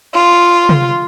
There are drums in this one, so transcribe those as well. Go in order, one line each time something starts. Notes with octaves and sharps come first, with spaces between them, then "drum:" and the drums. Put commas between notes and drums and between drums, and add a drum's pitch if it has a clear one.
F4
drum: tom